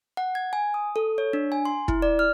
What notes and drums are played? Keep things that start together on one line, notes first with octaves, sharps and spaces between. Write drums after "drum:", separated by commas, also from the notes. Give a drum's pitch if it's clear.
F#5
G#6
G#5
D#6
A4
C#5
D4
G#5
C6
E4, drum: kick
D5
F6